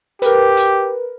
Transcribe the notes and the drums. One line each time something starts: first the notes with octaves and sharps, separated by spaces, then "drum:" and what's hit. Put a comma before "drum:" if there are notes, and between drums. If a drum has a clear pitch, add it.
G4 A#4 B4, drum: hi-hat
drum: hi-hat